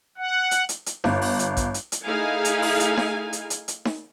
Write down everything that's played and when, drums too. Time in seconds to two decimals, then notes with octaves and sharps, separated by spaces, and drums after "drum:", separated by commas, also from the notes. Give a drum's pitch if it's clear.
0.18 F#5
0.51 drum: hi-hat
0.69 drum: hi-hat
0.86 drum: hi-hat
1.04 G1, drum: snare D#4
1.22 drum: open hi-hat
1.39 drum: hi-hat
1.57 drum: kick, hi-hat
1.74 drum: hi-hat
1.92 drum: hi-hat
2.06 A3 D#4 E4 G#4 F5 G#5
2.45 drum: hi-hat
2.62 drum: open hi-hat
2.80 drum: hi-hat
2.97 drum: snare D#4
3.33 drum: hi-hat
3.50 drum: hi-hat
3.68 drum: hi-hat
3.85 drum: snare D#4